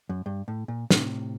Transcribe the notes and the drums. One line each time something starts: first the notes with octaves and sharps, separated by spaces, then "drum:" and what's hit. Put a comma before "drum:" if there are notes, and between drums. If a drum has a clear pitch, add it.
F#2
G2
A2
A#2
A2 C3, drum: snare